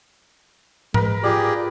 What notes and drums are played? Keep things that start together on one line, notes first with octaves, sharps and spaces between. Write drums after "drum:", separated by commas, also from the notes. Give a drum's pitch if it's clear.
G#3 A#4 B4, drum: tom G#2
F4 G4 G#4 D5